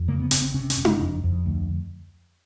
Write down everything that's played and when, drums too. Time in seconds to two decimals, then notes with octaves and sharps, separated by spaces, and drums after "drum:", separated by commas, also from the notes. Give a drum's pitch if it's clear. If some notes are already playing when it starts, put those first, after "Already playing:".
Already playing: F2
0.08 C#3 A#3
0.20 B3
0.31 G1 C4, drum: hi-hat
0.42 C4
0.54 C3 C#4
0.70 C#4, drum: hi-hat
0.77 F#1
0.85 D4, drum: tom D#4
1.01 F2
1.23 F2
1.46 D2